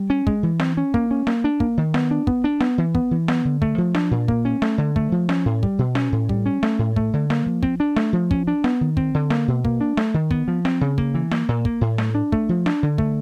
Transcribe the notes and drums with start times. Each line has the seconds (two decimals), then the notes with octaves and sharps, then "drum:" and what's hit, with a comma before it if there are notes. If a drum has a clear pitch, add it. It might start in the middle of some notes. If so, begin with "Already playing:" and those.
Already playing: G3
0.10 C#4
0.27 G#3, drum: kick
0.43 E3
0.60 C4, drum: snare
0.77 C#4
0.94 A#3, drum: kick
1.11 C#4
1.27 A#3, drum: snare
1.44 D4
1.60 A#3, drum: kick
1.77 D#3
1.94 B3, drum: snare
2.11 D4
2.27 B3, drum: kick
2.44 D4
2.60 B3, drum: snare
2.78 E3
2.95 B3, drum: kick
3.11 E3
3.28 B3, drum: snare
3.45 D3
3.62 A3, drum: kick
3.78 F3
3.95 D4, drum: snare
4.11 A#2
4.28 A#3, drum: kick
4.45 C#4
4.62 A3, drum: snare
4.78 D3
4.96 A3, drum: kick
5.12 F3
5.29 C#4, drum: snare
5.46 A2
5.63 G3, drum: kick
5.79 B2
5.95 C#4, drum: snare
6.12 A2
6.29 G3, drum: kick
6.46 C#4
6.63 A3, drum: snare
6.79 A2
6.96 A3, drum: kick
7.13 D3
7.30 A#3, drum: snare
7.46 F3
7.63 C4, drum: kick
7.80 D4
7.96 A3, drum: snare
8.13 F3
8.31 C#4, drum: kick
8.47 D4
8.64 B3, drum: snare
8.81 D#3
8.97 C4, drum: kick
9.14 D3
9.30 A#3, drum: snare
9.48 B2
9.65 A#3, drum: kick
9.81 D4
9.97 A3, drum: snare
10.14 D#3
10.31 B3, drum: kick
10.48 F3
10.65 C4, drum: snare
10.81 C#3
10.98 A#3, drum: kick
11.14 E3
11.31 A#3, drum: snare
11.49 A#2
11.65 A#3, drum: kick
11.81 A2
11.98 A3, drum: snare
12.15 D4
12.32 A3, drum: kick
12.49 F3
12.66 D4, drum: snare
12.83 D3
12.98 A3, drum: kick